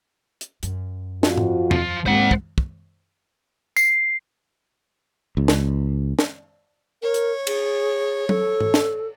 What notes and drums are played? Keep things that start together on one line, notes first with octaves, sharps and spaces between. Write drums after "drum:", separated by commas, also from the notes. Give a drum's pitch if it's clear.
drum: hi-hat
F#2, drum: hi-hat
F2 F4 F#4, drum: snare
drum: tom G#2
F3, drum: tom E2
D#2 G#2 C#3 C4 C5 F#5
drum: kick
drum: kick
C7, drum: tambourine
C#2
drum: snare
drum: snare
A#4 C#5
drum: hi-hat
G#4, drum: cymbal
A4, drum: tom F#3
drum: tom G#2
drum: snare